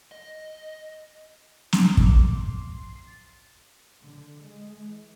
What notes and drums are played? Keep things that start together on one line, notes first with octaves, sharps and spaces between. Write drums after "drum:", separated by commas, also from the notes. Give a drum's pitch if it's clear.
D#5
A5, drum: snare
A3 D6, drum: kick
C6
C7
A6
D3
G#3
E3